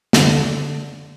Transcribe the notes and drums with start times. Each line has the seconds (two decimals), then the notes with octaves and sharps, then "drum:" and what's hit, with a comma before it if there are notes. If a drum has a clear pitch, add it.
0.13 D3, drum: snare